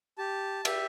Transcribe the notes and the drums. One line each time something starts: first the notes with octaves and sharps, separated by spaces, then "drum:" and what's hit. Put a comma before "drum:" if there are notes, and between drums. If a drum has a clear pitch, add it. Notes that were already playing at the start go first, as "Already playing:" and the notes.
G4 A5
G4 E5, drum: cymbal